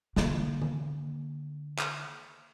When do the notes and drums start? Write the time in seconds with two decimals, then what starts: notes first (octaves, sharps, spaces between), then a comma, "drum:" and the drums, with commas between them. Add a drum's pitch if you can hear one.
0.16 D3 A#3, drum: snare
0.62 drum: tom D#3
1.79 drum: clap